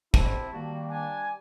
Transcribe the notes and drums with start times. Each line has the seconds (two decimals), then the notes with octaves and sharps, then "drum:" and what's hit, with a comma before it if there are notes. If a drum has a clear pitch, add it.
0.14 C3 E4 A5, drum: kick
0.53 D#3 G3 A#3 F#4
0.89 D4 G#5